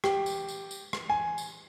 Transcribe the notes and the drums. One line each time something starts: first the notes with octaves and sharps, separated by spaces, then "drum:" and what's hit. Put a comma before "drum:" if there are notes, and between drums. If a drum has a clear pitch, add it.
G4, drum: rim click
drum: tambourine
drum: tambourine
drum: tambourine
drum: rim click
G#5
drum: tambourine